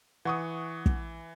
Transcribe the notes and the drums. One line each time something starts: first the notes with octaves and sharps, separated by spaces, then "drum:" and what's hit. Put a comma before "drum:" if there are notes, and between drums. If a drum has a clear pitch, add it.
E3 F#5 C#6 D#6
drum: kick